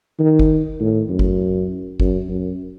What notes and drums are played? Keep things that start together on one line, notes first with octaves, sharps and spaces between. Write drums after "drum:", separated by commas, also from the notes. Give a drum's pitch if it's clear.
D#3
drum: kick
A2
F#2
drum: kick
F#2, drum: kick
F#2